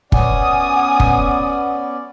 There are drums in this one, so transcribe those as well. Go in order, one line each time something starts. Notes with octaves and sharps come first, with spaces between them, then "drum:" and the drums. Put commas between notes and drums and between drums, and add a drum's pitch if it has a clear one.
B3 C#4 D5 F#5 G#5 D#6, drum: kick
drum: kick